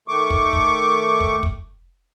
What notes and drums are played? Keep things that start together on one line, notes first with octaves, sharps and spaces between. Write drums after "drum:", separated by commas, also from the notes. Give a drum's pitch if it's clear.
D#3 A3 C#6 D6
drum: kick
drum: kick
drum: kick
drum: kick